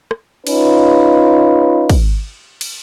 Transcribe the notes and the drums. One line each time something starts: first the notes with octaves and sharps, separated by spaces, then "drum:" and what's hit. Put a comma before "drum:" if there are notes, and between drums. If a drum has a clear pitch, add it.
drum: rim click
C#4 D#4 F4 B4, drum: cymbal
drum: kick, cymbal
drum: cymbal